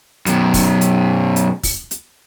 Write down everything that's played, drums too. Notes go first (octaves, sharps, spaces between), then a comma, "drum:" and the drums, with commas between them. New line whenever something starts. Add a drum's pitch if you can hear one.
F#2 B2, drum: hi-hat
drum: kick, open hi-hat
drum: hi-hat
drum: hi-hat
drum: kick, open hi-hat
drum: hi-hat